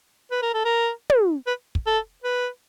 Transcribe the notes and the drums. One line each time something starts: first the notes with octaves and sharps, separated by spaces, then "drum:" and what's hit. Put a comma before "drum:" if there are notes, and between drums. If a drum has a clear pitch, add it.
B4
A#4
A4
A#4
drum: tom
B4
drum: kick
A4
B4